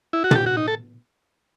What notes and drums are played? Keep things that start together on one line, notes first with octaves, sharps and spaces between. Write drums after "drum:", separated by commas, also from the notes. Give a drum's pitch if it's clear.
E4
F#4
A4, drum: tom
G4
F#4
D#4
A4